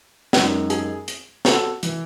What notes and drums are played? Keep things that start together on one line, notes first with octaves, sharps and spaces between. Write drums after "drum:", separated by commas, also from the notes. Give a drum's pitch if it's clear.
F#2 D#3 G#3, drum: snare
G#4, drum: hi-hat
drum: hi-hat
F#4 A4, drum: snare
E3, drum: hi-hat